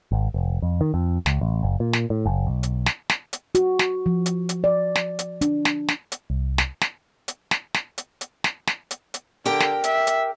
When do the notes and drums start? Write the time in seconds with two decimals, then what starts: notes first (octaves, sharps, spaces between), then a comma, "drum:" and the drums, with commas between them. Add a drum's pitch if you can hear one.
0.12 G#1
0.34 F1
0.62 F2
0.81 D#3
0.94 F2
1.26 C#2, drum: snare
1.41 A1
1.63 F#1
1.80 A#2
1.93 drum: snare
2.10 A2
2.26 F#1
2.47 B1
2.63 drum: hi-hat
2.86 drum: snare
3.09 drum: snare
3.33 drum: hi-hat
3.55 F#4, drum: hi-hat
3.79 drum: snare
4.06 F3
4.26 drum: hi-hat
4.49 drum: hi-hat
4.64 D5
4.95 drum: snare
5.19 drum: hi-hat
5.41 D4, drum: hi-hat
5.65 drum: snare
5.88 drum: snare
6.12 drum: hi-hat
6.30 C2
6.58 drum: snare
6.81 drum: snare
7.28 drum: hi-hat
7.51 drum: snare
7.74 drum: snare
7.98 drum: hi-hat
8.21 drum: hi-hat
8.44 drum: snare
8.67 drum: snare
8.91 drum: hi-hat
9.14 drum: hi-hat
9.46 D3 G4 A#4 G5
9.60 drum: snare
9.84 E5, drum: hi-hat
10.07 drum: hi-hat